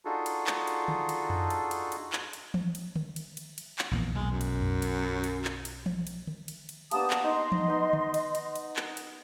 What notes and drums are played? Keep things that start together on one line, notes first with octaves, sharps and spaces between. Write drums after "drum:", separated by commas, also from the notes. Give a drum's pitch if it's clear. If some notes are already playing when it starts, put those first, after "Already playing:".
D4 D#4 F4 F#4 G#4 A4
drum: cymbal
drum: clap
drum: cymbal
drum: tom D3
drum: cymbal
drum: tom F2
drum: cymbal
drum: cymbal
drum: cymbal
drum: clap
drum: cymbal
drum: tom E3
drum: cymbal
drum: tom D3
drum: cymbal
drum: cymbal
drum: cymbal
drum: clap
A#1 E2 A#3
B1 G#3
F#2
drum: cymbal
drum: tom F2
drum: cymbal
drum: cymbal
drum: clap
drum: cymbal
drum: tom E3
drum: cymbal
drum: tom D3
drum: cymbal
drum: cymbal
A#3 B3 D4 G4 A5 D#6, drum: cymbal
drum: clap
D#4 D#5 F#5 C6
drum: tom E3
D#4 B4
drum: tom D3
drum: cymbal
drum: cymbal
drum: cymbal
drum: clap
drum: cymbal